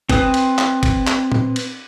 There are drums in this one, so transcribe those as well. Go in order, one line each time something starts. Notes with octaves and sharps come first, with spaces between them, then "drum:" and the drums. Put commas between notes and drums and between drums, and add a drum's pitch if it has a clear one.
C4 B4 D#6, drum: kick G#1, cymbal
drum: cymbal
drum: clap
drum: kick G#1, cymbal
drum: clap
drum: tom A#2
drum: cymbal